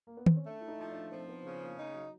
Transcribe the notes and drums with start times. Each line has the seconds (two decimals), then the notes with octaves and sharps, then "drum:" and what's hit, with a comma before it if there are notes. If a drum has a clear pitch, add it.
0.07 A#3
0.17 B3
0.26 C4, drum: tom D#3
0.36 C#4
0.46 A3 D4
0.61 E4
0.68 D#4
0.79 F3
0.91 D4
1.12 F3 C4
1.29 B3
1.45 C#3
1.61 A#3
1.78 A#3 D#4
1.94 F#3